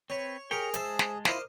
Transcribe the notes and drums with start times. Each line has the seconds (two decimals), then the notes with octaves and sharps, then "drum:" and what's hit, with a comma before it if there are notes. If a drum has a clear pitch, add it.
0.10 C4 B4 C#5
0.51 G4 G#4 A#4 C#5 G5
0.74 G#3 C5 E5 A5 E6, drum: hi-hat
0.99 drum: snare
1.25 E4 F4 A#4 C5 D#5 B5 D6 F6, drum: snare